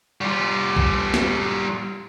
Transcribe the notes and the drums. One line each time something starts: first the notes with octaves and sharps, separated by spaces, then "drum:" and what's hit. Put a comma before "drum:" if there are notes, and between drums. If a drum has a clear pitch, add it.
G3 F4
drum: kick
drum: snare